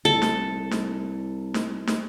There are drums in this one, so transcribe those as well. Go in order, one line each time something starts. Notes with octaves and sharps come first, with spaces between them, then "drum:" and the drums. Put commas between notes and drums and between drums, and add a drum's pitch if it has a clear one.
C2 A4
drum: snare
drum: snare
drum: snare
drum: snare